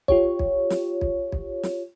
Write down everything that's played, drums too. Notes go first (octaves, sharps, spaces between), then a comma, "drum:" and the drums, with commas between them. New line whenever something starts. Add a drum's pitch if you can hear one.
F4 G4 C#5, drum: kick B1
drum: kick B1
drum: snare
drum: kick B1
drum: kick B1
drum: snare